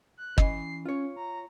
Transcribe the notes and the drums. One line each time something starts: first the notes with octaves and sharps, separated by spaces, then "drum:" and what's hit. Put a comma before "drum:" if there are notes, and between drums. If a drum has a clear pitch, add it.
F#6
E3 C#4 D#5 C7, drum: kick
C#4 F4 C#5
A#5